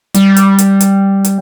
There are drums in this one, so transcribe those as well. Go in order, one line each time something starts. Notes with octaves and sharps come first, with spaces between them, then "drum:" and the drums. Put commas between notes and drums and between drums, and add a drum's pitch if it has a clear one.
G3, drum: hi-hat
drum: hi-hat
drum: hi-hat
drum: hi-hat
drum: hi-hat